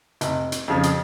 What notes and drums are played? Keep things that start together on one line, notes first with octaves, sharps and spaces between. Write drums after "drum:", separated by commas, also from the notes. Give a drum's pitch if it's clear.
F1, drum: hi-hat
drum: hi-hat
F2 C#3 F3
drum: hi-hat